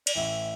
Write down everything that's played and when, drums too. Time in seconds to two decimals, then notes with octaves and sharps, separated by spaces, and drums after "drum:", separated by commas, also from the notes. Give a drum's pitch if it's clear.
0.07 D5, drum: cymbal
0.15 A1 A2 E3 E5